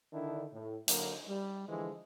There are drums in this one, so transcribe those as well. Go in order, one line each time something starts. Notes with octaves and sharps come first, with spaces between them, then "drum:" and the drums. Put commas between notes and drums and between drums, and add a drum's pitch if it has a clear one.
D3 D#3 D4 E4
A2
D3 F#3 A#3, drum: hi-hat
G3
D3 E3 F3 G#3